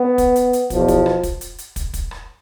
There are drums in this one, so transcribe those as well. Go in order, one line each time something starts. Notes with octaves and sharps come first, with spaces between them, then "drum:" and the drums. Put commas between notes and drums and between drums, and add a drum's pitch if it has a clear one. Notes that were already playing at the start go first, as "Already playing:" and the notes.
Already playing: B3
drum: kick, hi-hat
drum: hi-hat
drum: hi-hat
E2 B2 F3, drum: kick, hi-hat
drum: kick, hi-hat
drum: rim click
drum: kick, hi-hat
drum: hi-hat
drum: hi-hat
drum: kick, hi-hat
drum: kick, hi-hat
drum: rim click